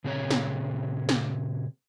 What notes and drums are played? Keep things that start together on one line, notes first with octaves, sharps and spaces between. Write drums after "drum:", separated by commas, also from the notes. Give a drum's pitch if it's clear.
A#2 C#3 C4 G#4 C#5 A#5
drum: snare
drum: snare